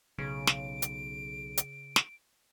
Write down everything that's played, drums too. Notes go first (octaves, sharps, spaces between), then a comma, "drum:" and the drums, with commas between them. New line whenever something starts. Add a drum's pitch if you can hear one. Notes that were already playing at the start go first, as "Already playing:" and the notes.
B1 C#3 D7
drum: snare
drum: hi-hat
drum: hi-hat
drum: snare